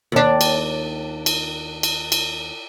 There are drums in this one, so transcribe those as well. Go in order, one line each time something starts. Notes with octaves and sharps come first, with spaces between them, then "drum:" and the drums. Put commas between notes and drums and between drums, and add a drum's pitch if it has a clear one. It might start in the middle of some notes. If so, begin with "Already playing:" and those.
D#2 D4
drum: cymbal
drum: cymbal
drum: cymbal
drum: cymbal